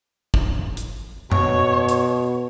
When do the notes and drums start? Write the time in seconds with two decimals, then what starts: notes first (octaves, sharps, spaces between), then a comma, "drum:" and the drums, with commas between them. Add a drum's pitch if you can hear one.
0.34 drum: kick
0.77 drum: hi-hat
1.32 B2 C#5, drum: tom F#2
1.89 drum: hi-hat